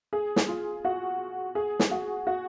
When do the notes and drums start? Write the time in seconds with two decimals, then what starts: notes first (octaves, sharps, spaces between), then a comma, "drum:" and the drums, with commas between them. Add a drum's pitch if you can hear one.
0.13 G#4
0.36 drum: snare
0.48 F4
0.85 F#4
1.55 G#4
1.79 drum: snare
1.91 F#4
2.27 F#4